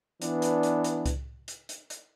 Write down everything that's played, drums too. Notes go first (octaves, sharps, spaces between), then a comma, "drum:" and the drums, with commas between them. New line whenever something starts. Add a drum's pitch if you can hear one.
E3 B3 D4, drum: hi-hat
drum: hi-hat
drum: hi-hat
drum: hi-hat
drum: kick C2, hi-hat
drum: hi-hat
drum: hi-hat
drum: hi-hat